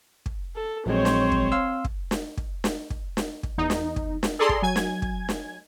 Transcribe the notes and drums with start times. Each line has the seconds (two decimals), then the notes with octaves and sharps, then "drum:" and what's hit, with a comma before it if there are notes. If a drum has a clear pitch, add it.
0.26 drum: kick
0.55 A4
0.86 A#1 F#3 G#3 C4 C5 C#5
1.05 drum: snare
1.32 drum: kick
1.52 F5 C6 E6
1.84 drum: kick
2.11 drum: snare
2.37 drum: kick
2.64 drum: snare
2.90 drum: kick
3.17 drum: snare
3.43 drum: kick
3.58 E2 D#4
3.70 drum: snare
3.96 drum: kick
4.23 drum: snare
4.39 G#4 A4 D5 A#5 C6
4.49 drum: kick
4.62 F#3 G#5 G#6
4.76 drum: snare
5.02 drum: kick
5.29 drum: snare